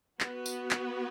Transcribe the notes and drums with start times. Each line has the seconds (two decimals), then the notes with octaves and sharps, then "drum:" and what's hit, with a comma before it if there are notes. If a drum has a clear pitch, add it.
0.21 B3 F#4 B4, drum: clap
0.46 drum: tambourine
0.71 drum: clap